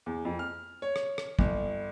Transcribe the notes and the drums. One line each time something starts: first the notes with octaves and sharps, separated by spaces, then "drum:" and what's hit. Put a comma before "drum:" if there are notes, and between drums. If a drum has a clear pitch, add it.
E2
F2
F6
C#5
drum: rim click
drum: rim click
G1, drum: kick